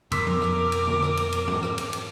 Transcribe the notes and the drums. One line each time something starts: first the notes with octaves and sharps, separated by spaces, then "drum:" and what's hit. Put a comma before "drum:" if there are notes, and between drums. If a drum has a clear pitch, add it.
F2 B2 A#4 C6 D6 E6 B6, drum: cymbal
drum: tom F3
drum: rim click
drum: cymbal
drum: tom
drum: rim click
drum: cymbal
drum: cymbal
drum: tom G#2
drum: rim click
drum: cymbal
drum: cymbal